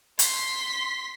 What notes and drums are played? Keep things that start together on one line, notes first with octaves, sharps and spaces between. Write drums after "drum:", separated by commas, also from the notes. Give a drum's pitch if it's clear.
C6 B6, drum: hi-hat